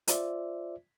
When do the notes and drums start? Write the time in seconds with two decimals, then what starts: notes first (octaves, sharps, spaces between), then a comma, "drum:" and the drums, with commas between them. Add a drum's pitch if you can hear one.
0.08 F4 C5 D5 E5, drum: hi-hat